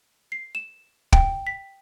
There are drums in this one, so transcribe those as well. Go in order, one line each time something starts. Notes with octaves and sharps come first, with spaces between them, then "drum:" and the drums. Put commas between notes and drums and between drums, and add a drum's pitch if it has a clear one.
C7
E7
G5, drum: kick
B6